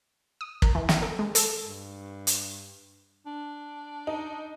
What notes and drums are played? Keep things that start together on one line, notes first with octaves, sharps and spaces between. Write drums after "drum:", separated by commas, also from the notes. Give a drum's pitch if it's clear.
D#6
A#4, drum: kick
E3
drum: snare
A4
G#3
A4, drum: hi-hat
G2
drum: hi-hat
D4
D#4